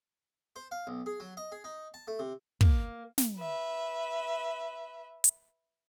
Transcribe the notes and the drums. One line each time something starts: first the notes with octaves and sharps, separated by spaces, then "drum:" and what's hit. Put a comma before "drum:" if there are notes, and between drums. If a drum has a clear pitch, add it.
C5
F5
B1
G#4
F#3
D#5
G#4
D#4
A5
A3
C3
A#3, drum: kick
drum: snare
B4 E5
drum: hi-hat